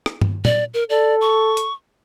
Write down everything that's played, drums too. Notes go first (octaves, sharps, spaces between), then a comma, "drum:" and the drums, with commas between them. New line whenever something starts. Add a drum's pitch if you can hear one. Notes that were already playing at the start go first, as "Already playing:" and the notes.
drum: rim click
drum: tom G2
D5, drum: tom A#2
A#4
A4 D5
C#6
drum: hi-hat